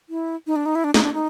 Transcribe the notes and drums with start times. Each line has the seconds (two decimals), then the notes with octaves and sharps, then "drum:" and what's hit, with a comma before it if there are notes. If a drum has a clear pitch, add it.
0.09 E4
0.47 D#4
0.56 D4
0.66 D#4
0.75 E4
0.84 D4
0.94 D#4, drum: snare
1.03 D4
1.13 D#4